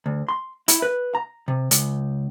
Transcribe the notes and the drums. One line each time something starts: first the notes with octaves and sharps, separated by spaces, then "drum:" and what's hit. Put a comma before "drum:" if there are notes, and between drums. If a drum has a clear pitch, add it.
D2
C6
E4, drum: hi-hat
B4
A#5
C3
C#2, drum: hi-hat